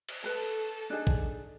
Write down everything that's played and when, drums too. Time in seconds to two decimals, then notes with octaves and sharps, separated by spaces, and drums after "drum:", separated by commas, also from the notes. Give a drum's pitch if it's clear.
0.09 drum: cymbal
0.24 A4 B4 A5
0.79 drum: tambourine
0.90 D4 D#4 G#4
1.07 drum: kick